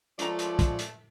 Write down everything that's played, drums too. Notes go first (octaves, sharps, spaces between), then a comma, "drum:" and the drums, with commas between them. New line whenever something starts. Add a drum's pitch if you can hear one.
F3 G#3 A3 C#5 D5 A#5, drum: hi-hat
drum: hi-hat
drum: kick, hi-hat
drum: hi-hat